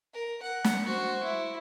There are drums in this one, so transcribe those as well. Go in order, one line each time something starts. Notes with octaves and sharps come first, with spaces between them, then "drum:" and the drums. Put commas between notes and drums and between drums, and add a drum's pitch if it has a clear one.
A#4
F#5
drum: snare
F#4 C5
E4